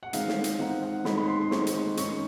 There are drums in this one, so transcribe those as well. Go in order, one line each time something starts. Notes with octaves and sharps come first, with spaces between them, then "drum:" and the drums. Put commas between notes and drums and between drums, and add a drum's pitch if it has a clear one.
F#5
D#3 G#3 C4 D#4 F5, drum: hi-hat
drum: snare
drum: hi-hat
D#3 G#3 C4 D#4 F#5
F#5
D#3 G#3 C4 D#4 B5, drum: snare
B5
C6
C6
D#3 G#3 C4 D#4 C#6, drum: snare
drum: hi-hat
D#3 G#3 C#4 C#6, drum: hi-hat